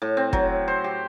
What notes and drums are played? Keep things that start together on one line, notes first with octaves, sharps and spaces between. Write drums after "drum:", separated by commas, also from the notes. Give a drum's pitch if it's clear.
A2
C4
F#3, drum: kick
C5
G4